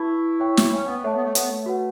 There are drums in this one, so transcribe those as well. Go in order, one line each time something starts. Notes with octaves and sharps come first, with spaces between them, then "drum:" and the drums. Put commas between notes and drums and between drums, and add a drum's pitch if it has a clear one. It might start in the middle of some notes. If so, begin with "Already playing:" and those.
Already playing: E4 B4 E5 A5 C#6
C#5 E5 G5 C#6
drum: snare
C#4
B3
A3 A4 C#5 E5 A5
B3
A3
B3, drum: hi-hat
A3
F#4 B4 F#5